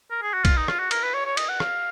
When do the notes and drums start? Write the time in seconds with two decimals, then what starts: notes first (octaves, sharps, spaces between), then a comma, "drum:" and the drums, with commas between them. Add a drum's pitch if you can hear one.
0.11 A#4
0.22 G#4
0.34 F#4
0.45 F4, drum: kick B1, cymbal
0.57 D#4
0.68 F4, drum: rim click
0.79 F#4
0.91 A#4, drum: cymbal
1.03 B4
1.14 C#5
1.26 C#5
1.37 D#5, drum: cymbal
1.49 F#5
1.60 F5, drum: rim click